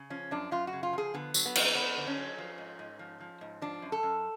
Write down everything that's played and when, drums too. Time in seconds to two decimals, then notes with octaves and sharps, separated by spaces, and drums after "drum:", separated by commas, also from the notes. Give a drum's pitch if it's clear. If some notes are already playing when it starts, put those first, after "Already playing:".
Already playing: C#3
0.10 F3 C#4
0.31 F#2 D4
0.51 F#2 F4
0.67 F#4
0.73 C#3
0.83 F4
0.93 F3 G#4
1.14 D3 B3
1.34 F#3, drum: tambourine
1.46 B3
1.55 F2, drum: cymbal
1.75 F2 B3
1.97 D3
2.07 C#4
2.17 F#3
2.38 F3
2.58 G#2
2.79 G#2
2.99 F3
3.20 F3
3.41 G#2
3.62 F3 D4
3.82 F#2
3.92 A4
4.03 F#2